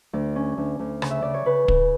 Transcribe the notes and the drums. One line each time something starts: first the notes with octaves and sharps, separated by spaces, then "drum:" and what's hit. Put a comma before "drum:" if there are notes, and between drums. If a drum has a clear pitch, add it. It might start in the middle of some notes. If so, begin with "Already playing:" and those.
D2 D5
C#4
D2
D2
C#3, drum: rim click
E5
C#3 D5
C#5
C#3 B4
C#3, drum: kick